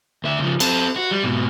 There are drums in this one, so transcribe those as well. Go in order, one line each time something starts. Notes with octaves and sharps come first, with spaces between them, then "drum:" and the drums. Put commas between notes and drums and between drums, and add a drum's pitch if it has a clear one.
D2 E5
C#3 F3
C4 A4, drum: cymbal
F#4
G3
G#2 B2